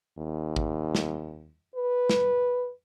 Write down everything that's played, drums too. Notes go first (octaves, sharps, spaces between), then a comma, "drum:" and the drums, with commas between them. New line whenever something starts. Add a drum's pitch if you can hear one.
D#2
drum: kick
drum: snare
B4
drum: snare